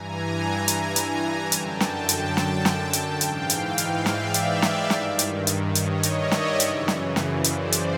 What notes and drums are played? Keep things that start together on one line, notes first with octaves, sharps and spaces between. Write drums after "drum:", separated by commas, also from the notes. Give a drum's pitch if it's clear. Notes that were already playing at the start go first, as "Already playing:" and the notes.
Already playing: G2 E3 G#5 A#5
drum: hi-hat
drum: hi-hat
F#2 D3 G5 A5, drum: hi-hat
drum: snare
drum: hi-hat
drum: snare
drum: snare
drum: hi-hat
G#2 E3 F5 G5, drum: hi-hat
drum: hi-hat
F5 G5
drum: hi-hat
D5 E5, drum: snare
drum: hi-hat
drum: snare
G2 D#3, drum: snare
drum: hi-hat
drum: hi-hat
C#5 D#5, drum: hi-hat
drum: hi-hat
D5 E5
drum: snare
F#2 C#3 E3, drum: hi-hat
drum: snare
drum: snare
C5 D5, drum: hi-hat
drum: hi-hat